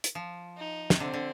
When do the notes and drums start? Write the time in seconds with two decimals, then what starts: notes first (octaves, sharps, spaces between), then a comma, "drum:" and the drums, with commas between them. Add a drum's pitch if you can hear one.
0.04 drum: hi-hat
0.15 F3
0.57 D#4
0.90 C3, drum: snare
1.00 D3 C4
1.14 D3